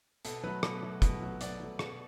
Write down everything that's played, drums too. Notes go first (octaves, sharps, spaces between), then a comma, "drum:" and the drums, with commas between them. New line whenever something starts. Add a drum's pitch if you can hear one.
B2 A4, drum: hi-hat
F#3 A3 B4
B2, drum: rim click
F#3 A3
B2, drum: kick, hi-hat
F#3 A3
B2 D5, drum: hi-hat
F#3 A3
B2, drum: rim click